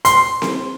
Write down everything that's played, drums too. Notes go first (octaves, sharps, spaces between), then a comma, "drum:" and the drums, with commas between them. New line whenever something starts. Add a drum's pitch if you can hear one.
C6, drum: hi-hat
drum: snare C4